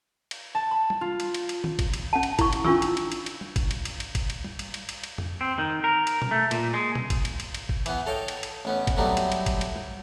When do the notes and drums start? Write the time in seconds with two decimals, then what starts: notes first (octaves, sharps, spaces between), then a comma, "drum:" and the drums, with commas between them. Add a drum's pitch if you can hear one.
0.31 drum: cymbal
0.55 A5
0.71 B5
0.90 drum: tom
1.01 F4
1.20 drum: cymbal
1.34 drum: cymbal
1.49 drum: cymbal
1.64 drum: tom
1.79 drum: kick G1, cymbal
1.94 drum: cymbal
2.13 C#4 F#5 A5
2.23 drum: cymbal
2.39 E4 C#6, drum: kick G1, cymbal
2.53 drum: cymbal
2.65 C#4 D4 F4 C#6 E6, drum: tom
2.82 drum: cymbal
2.97 drum: cymbal
3.12 drum: cymbal
3.26 drum: cymbal
3.41 drum: tom
3.56 drum: kick G1, cymbal
3.71 drum: cymbal
3.85 drum: cymbal
4.00 drum: cymbal
4.15 drum: kick G1, cymbal
4.30 drum: cymbal
4.44 drum: tom
4.59 drum: cymbal
4.74 drum: cymbal
4.89 drum: cymbal
5.04 drum: cymbal
5.18 drum: tom F2
5.41 C4
5.58 D#3
5.84 A#4
6.07 drum: cymbal
6.22 drum: tom B2
6.31 A3
6.51 A#2, drum: cymbal
6.74 G#3
6.95 drum: tom B2
7.10 drum: kick G1, cymbal
7.25 drum: cymbal
7.40 drum: cymbal
7.54 drum: cymbal
7.69 drum: kick G1
7.86 E3 B3, drum: cymbal
8.06 A4 C#5 D#5 F5 G5
8.28 drum: cymbal
8.43 drum: cymbal
8.65 A1 B3 C#4
8.87 drum: kick G1, cymbal
8.97 F#3 G3 A3 B3 C4 D#4
9.17 drum: cymbal
9.32 drum: cymbal
9.46 drum: kick G1, cymbal
9.61 drum: cymbal
9.76 drum: tom